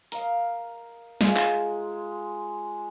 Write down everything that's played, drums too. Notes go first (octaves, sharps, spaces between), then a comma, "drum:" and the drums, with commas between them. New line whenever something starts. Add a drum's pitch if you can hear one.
A#4 D#5 F5, drum: hi-hat
G#3 F4, drum: snare
drum: clap